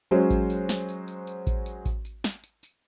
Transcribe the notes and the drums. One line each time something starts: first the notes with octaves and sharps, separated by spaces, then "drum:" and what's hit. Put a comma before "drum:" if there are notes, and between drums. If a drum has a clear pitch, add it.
F#3 G#3 C#4 F#4 C5 C#5
drum: kick A1, tambourine
drum: tambourine
drum: snare
drum: tambourine
drum: tambourine
drum: tambourine
drum: kick A1, tambourine
drum: tambourine
drum: kick A1, tambourine
drum: tambourine
drum: snare
drum: tambourine
drum: tambourine